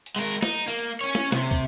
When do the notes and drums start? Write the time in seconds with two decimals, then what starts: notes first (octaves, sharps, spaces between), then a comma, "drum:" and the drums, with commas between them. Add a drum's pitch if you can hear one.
0.06 drum: hi-hat
0.16 G#3 A#4
0.43 D#4, drum: snare
0.68 A#3
0.79 drum: hi-hat
1.01 C#4 C#5
1.15 drum: snare
1.32 C3, drum: snare
1.51 drum: kick, hi-hat